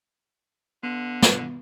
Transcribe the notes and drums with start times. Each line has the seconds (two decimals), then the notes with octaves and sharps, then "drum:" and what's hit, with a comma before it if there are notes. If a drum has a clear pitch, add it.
0.83 D3 B3
1.22 drum: snare